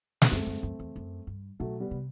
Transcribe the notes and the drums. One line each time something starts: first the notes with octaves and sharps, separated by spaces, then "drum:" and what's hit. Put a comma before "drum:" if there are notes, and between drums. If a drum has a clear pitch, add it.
B3, drum: snare
F#2 A3 C4
F#2
F#2
E2
F#2
G2
B2 F#3 A3
G3 B3
C3